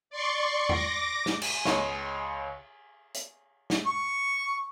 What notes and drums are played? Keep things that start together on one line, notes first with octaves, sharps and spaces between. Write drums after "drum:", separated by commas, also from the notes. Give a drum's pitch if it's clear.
D5 C6 C#6
D6 A#6, drum: tom E2
drum: snare
drum: cymbal
C#2 C#5 D#5 F5 C#6, drum: snare
drum: hi-hat
drum: snare
C#6